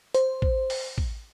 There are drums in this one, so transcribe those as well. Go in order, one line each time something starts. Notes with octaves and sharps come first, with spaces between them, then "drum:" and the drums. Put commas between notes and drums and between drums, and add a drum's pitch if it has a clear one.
C5, drum: hi-hat
drum: kick
drum: open hi-hat
drum: kick